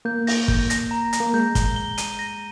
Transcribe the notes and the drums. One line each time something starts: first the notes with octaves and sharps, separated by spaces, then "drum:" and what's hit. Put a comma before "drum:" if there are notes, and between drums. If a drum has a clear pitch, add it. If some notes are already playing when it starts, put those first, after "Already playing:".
A#3 G6
A#6, drum: open hi-hat
G6, drum: kick
A#6, drum: hi-hat
A#5
A#6, drum: hi-hat
A#3
G#3 G6
G7, drum: kick, hi-hat
G7
D#7, drum: hi-hat
A#6